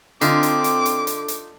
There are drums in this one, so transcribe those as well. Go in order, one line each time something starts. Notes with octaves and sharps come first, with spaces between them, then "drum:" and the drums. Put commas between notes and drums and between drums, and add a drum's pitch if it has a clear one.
D3 C4 D#4 F4 D6, drum: hi-hat
drum: hi-hat
drum: hi-hat
drum: hi-hat
drum: hi-hat
drum: hi-hat